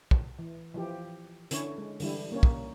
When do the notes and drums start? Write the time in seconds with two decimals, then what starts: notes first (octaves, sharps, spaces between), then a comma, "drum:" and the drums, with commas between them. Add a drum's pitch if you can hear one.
0.11 drum: kick
0.39 E3
0.75 E3 F3 G4
1.51 D3 C#4 E4 C#5, drum: hi-hat
1.78 G#3
2.00 D3 E3 G3 E4, drum: open hi-hat
2.32 A#3 C#4 C#5
2.43 drum: kick